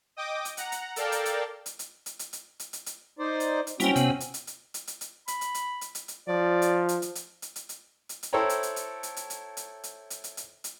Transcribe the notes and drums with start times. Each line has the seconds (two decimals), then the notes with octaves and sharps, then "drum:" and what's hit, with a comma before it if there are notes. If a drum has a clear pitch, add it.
0.17 D#5 G5 D6 D#6
0.45 drum: hi-hat
0.57 F#5 A#5, drum: hi-hat
0.72 drum: hi-hat
0.96 A4 A#4 D5 F5 G5 A5, drum: hi-hat
1.12 drum: hi-hat
1.25 drum: hi-hat
1.66 drum: hi-hat
1.79 drum: hi-hat
2.06 drum: hi-hat
2.19 drum: hi-hat
2.33 drum: hi-hat
2.60 drum: hi-hat
2.73 drum: hi-hat
2.86 drum: hi-hat
3.19 D#4 C5 D5
3.40 drum: hi-hat
3.67 drum: hi-hat
3.80 G3 A#3 C4 C#4 E4 F#4, drum: hi-hat
3.96 C3 B3, drum: hi-hat
4.20 drum: hi-hat
4.34 drum: hi-hat
4.47 drum: hi-hat
4.74 drum: hi-hat
4.87 drum: hi-hat
5.01 drum: hi-hat
5.28 B5, drum: hi-hat
5.41 drum: hi-hat
5.55 drum: hi-hat
5.81 drum: hi-hat
5.95 drum: hi-hat
6.08 drum: hi-hat
6.28 F3 D5
6.62 drum: hi-hat
6.89 drum: hi-hat
7.02 drum: hi-hat
7.15 drum: hi-hat
7.42 drum: hi-hat
7.56 drum: hi-hat
7.69 drum: hi-hat
8.09 drum: hi-hat
8.23 drum: hi-hat
8.33 E4 A4 C5 C#5 G5 A#5
8.49 drum: hi-hat
8.63 drum: hi-hat
8.76 drum: hi-hat
9.03 drum: hi-hat
9.17 drum: hi-hat
9.30 drum: hi-hat
9.57 drum: hi-hat
9.84 drum: hi-hat
10.10 drum: hi-hat
10.24 drum: hi-hat
10.37 drum: hi-hat
10.64 drum: hi-hat